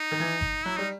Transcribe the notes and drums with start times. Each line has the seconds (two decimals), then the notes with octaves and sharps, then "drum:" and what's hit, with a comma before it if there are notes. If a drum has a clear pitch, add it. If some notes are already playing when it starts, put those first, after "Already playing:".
Already playing: D#4
0.11 D#3
0.20 E3
0.41 drum: kick G1
0.65 F#3 E4
0.77 G3 D#4